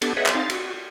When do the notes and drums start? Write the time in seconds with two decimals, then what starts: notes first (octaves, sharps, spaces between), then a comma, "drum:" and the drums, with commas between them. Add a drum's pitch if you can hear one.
0.02 B3 D4 G4 A4, drum: cymbal
0.17 G#4 B4 C#5 D#5 E5 F#5
0.26 drum: clap
0.35 C4 D#4 F5 A6
0.49 F#4, drum: cymbal